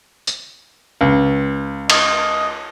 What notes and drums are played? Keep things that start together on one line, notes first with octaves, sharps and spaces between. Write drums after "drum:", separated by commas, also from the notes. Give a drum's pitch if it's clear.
drum: tambourine
C#2
D#5, drum: cymbal